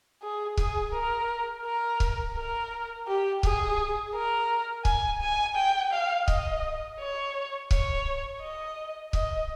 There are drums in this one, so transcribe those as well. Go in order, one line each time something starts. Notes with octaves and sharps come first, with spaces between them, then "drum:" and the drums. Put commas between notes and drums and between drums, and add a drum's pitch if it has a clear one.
G#4
G#4, drum: kick C#1
A#4
A#4
drum: kick C#1
A#4
G4
G#4, drum: kick C#1
A#4
G#5, drum: kick C#1
G#5
G5
F5
D#5, drum: kick C#1
C#5
C#5, drum: kick C#1
D#5
D#5, drum: kick C#1